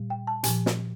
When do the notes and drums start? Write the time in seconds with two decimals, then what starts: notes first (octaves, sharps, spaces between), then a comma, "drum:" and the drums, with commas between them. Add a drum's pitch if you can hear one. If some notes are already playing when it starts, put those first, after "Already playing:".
Already playing: A#2 G3
0.10 G5
0.27 A5
0.43 A#2 F3 G#5, drum: hi-hat
0.66 drum: snare